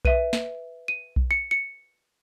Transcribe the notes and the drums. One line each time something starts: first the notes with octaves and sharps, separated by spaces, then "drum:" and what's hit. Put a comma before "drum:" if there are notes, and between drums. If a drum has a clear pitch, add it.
B4 E5 D#7, drum: kick B1
drum: snare
D#7
drum: kick B1
C#7
C#7